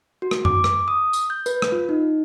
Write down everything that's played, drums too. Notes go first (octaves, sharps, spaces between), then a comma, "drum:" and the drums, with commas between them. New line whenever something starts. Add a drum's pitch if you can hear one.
F#4
drum: rim click
D6, drum: tom F#2
drum: rim click
D#6
drum: tambourine
G6
B4, drum: tambourine
drum: rim click
F4
D#4